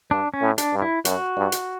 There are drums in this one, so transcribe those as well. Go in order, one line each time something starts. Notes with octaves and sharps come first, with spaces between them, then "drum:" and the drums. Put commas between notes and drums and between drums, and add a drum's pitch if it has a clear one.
G2 D4
C#4
A2
D4, drum: hi-hat
G2
E4
F#2 F#4, drum: hi-hat
G2
drum: hi-hat